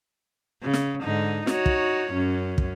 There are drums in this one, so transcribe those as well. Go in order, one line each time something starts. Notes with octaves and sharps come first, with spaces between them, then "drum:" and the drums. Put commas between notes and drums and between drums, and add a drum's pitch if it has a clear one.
C#3
drum: snare
G#2 D3 D#4
D#4 F#4 C#5, drum: snare
drum: kick
F#2 C#4
drum: kick